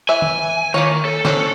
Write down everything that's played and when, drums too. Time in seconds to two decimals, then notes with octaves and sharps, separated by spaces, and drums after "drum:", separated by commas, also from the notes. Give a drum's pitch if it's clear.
0.09 E3 E5 G#5
0.22 drum: tom
0.74 D#3 A#3 F4 C#5
1.05 A4
1.25 C#4 D4 C5, drum: snare